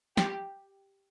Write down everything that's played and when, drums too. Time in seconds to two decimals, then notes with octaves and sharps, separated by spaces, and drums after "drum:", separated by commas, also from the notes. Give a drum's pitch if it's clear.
0.17 G4, drum: snare